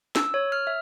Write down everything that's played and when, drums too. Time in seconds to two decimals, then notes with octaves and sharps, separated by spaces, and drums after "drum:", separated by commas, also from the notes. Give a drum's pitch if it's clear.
0.16 E6, drum: snare
0.34 C#5
0.52 F6
0.67 E5